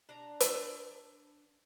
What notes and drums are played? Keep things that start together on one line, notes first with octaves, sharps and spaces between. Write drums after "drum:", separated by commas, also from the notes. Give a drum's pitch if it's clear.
D4 A#5
drum: hi-hat